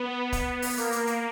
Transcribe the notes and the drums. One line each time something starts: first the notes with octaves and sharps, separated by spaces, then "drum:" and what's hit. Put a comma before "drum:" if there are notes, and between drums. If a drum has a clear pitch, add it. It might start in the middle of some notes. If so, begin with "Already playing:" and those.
Already playing: B3
drum: kick C#1, hi-hat
drum: open hi-hat
A#3, drum: hi-hat
drum: hi-hat
drum: hi-hat